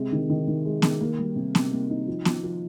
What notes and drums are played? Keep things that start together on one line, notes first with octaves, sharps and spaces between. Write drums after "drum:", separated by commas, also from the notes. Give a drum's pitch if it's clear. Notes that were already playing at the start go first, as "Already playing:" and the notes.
Already playing: C3 G#3
D#3
D#3
D#3
G#3
D#3, drum: snare B3
A#3
G3
C3
C3, drum: snare B3
A#3
D#4
F3
F3, drum: snare B3
F3